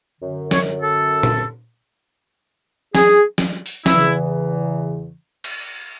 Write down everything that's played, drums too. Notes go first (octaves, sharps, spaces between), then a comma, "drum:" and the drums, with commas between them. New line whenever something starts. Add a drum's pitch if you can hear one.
F#2 D3
C#5, drum: snare
A4
drum: tom A#2
G#4, drum: snare
drum: snare
drum: open hi-hat
E2 C#3 E3 E4, drum: snare
drum: cymbal